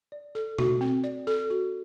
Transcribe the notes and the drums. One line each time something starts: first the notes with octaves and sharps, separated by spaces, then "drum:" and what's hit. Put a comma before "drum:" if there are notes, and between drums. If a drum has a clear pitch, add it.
D5
A4
F#4, drum: tom B2
C4
D5
A4
F#4